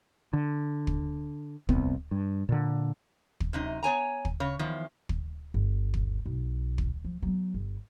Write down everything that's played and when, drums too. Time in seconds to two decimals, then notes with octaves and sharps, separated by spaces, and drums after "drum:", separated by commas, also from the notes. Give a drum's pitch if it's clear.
0.33 D3
0.87 drum: kick
1.69 F1 C2 B3 C4, drum: kick
2.11 G2
2.49 A#2 D3
3.40 drum: kick
3.53 F#2 C3 D#4
3.83 B3 C#5 G#5 A#5
4.25 drum: kick
4.40 C#3 C#5
4.59 E2 D#3 F3
5.09 drum: kick
5.54 G1
5.94 drum: kick
6.26 B1
6.78 drum: kick
7.04 F3
7.22 F#3 B3
7.54 G1